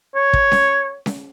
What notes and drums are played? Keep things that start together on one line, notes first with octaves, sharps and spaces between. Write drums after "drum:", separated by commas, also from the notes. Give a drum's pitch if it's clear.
C#5
drum: kick
drum: snare C#4
drum: snare C#4